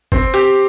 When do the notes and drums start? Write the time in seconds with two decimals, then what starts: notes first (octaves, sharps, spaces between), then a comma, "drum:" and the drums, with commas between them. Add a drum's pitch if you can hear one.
0.12 C4, drum: kick G1
0.34 G4, drum: hi-hat